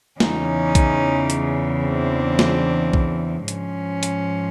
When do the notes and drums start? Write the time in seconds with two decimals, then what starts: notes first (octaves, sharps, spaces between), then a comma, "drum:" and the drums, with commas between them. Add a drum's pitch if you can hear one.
0.20 E2 C#3 E3 C#4 D#4, drum: snare
0.75 drum: kick B1, hi-hat
1.30 drum: hi-hat
1.84 C4 D4
2.39 drum: snare
2.94 drum: kick B1
3.48 G#2 F3 C#4, drum: hi-hat
4.03 drum: hi-hat